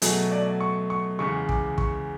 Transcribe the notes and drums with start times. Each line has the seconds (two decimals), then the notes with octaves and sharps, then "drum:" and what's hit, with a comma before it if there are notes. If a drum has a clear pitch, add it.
0.02 B2 F#3 A3 G#4, drum: hi-hat
0.31 D5
0.61 C#6
0.90 C#6
1.19 E2 C#3 G#3 C#6
1.49 D6, drum: kick
1.78 C#6, drum: kick